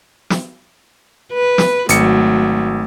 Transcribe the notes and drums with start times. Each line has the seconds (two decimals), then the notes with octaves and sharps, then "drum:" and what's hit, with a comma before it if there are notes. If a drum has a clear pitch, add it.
0.30 drum: snare
1.33 B4
1.58 drum: snare
1.89 G#1 F#3 A3 C#7, drum: hi-hat